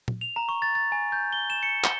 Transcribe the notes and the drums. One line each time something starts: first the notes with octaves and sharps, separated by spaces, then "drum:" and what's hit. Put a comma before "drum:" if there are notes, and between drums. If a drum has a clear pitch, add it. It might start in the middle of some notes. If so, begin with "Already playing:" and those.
drum: tom A#2
F7
A#5
C#6
A6
A6
G#5
G6
G7
E7
C#7
G7, drum: clap